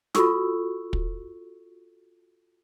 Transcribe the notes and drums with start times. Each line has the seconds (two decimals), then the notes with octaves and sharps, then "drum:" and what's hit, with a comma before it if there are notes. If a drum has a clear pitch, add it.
0.15 F4 F#4 A4 C#6 E6, drum: snare
0.93 drum: kick